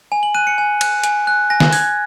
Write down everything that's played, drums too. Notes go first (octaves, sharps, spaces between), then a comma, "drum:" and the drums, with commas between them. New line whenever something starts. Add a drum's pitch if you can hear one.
G#5
F#7
F#6 D#7
C#7
G#5
F#6, drum: cymbal
G#5, drum: hi-hat
F#6
G#5 A#6
drum: snare
F#6 G#6, drum: open hi-hat